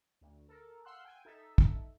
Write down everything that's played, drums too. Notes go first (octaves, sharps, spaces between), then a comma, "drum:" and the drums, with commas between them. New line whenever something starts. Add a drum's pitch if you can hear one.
D2
A4 A#4
F5 F#5 C6 E6 F#6
G5 G#5
D#4 A4 E5
drum: kick